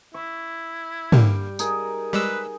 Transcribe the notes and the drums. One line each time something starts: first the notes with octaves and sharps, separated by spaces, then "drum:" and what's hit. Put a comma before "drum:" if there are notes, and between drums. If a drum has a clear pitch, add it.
E4 C#6
D3 G3 A#3 G5, drum: tom
D#4 G#4 A#4, drum: tambourine
G3 G#3 B4 E6